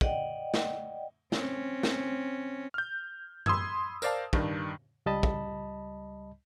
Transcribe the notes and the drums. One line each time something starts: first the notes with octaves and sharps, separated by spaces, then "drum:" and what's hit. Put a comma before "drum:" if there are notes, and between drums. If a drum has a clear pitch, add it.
D5 D#5 F#5 G5, drum: kick
drum: snare
C4 C#4, drum: snare
drum: snare
F6 G6
B5 C6 D#6 E6 G#6, drum: tom F#2
A#4 C5 D5 F5 A5, drum: tambourine
G2 D#3 D4, drum: kick
C#2 G3 D#5 A5 B5
drum: kick